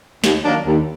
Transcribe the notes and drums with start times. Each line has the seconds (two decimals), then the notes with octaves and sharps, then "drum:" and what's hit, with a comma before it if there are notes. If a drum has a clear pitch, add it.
0.24 D#2, drum: snare
0.44 D#3 F#3 A#3 D4
0.66 D#2